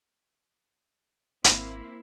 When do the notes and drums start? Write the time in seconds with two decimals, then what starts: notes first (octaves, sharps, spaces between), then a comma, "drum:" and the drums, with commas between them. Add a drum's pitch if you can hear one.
1.44 G#1 A#3 C4 E4, drum: hi-hat